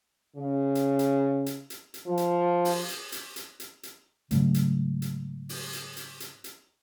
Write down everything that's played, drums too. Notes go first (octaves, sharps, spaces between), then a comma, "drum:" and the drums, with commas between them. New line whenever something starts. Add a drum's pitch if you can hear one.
C#3
drum: hi-hat
drum: hi-hat
drum: hi-hat
drum: hi-hat
drum: hi-hat
F3
drum: hi-hat
drum: open hi-hat
drum: hi-hat
drum: hi-hat
drum: hi-hat
drum: hi-hat
drum: hi-hat
G#2 C#3 F#3 A3, drum: hi-hat
drum: hi-hat
drum: hi-hat
drum: open hi-hat
drum: hi-hat
drum: hi-hat
drum: hi-hat
drum: hi-hat